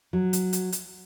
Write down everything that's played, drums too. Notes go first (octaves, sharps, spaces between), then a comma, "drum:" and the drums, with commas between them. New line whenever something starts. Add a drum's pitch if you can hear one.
F#3
drum: hi-hat
drum: hi-hat
drum: hi-hat